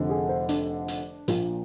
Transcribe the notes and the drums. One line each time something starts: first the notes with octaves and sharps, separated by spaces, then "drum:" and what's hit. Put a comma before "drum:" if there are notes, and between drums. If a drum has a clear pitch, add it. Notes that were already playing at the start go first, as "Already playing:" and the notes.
Already playing: F1 F2 D3
G#4
C5
D4, drum: hi-hat
drum: hi-hat
A#1 A#2 F3, drum: hi-hat